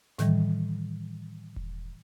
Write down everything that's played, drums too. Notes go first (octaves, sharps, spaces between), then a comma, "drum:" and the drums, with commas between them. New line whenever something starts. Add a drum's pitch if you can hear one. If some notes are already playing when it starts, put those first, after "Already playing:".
A2 D#3 E3 G3, drum: snare
drum: kick E1